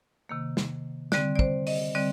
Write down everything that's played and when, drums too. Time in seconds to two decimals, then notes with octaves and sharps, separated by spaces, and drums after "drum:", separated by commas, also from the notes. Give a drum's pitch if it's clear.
0.29 C3 D#3 A#3
0.57 drum: snare
1.12 D3 G3 C4 D5, drum: snare
1.35 D5
1.39 C5, drum: kick
1.67 D#5, drum: open hi-hat
1.95 D3 G3 C4 D5